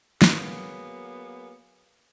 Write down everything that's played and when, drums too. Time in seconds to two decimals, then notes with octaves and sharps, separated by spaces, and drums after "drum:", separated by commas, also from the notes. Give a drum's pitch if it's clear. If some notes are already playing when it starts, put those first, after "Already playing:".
0.22 F#3 A#3 B3 G#4, drum: snare